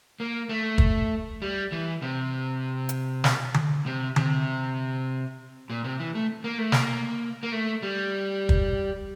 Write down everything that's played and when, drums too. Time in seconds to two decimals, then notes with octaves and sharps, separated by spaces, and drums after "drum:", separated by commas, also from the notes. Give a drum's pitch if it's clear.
0.20 A#3
0.49 A3
0.78 drum: kick
1.42 G3
1.72 E3
2.02 C3
2.89 drum: hi-hat
3.24 drum: snare
3.54 drum: tom D3
3.86 C3
4.16 C3, drum: tom D3
5.70 A#2
5.84 C3
6.00 E3
6.15 A3
6.44 A#3
6.58 A3
6.72 A#3, drum: snare
7.43 A#3
7.52 A3
7.83 G3
8.49 drum: kick